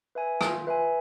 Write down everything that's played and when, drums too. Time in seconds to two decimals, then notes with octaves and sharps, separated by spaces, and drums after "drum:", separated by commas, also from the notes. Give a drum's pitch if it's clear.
0.15 B4 E5 G#5
0.41 F4, drum: rim click
0.67 B4 E5 G#5